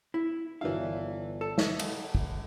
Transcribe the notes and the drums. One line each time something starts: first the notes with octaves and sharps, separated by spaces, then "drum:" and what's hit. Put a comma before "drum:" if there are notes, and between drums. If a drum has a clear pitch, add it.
E4
G1 E3 F#3 D4 E4 F5
A4
B4 D#5 E5, drum: snare
drum: cymbal
drum: kick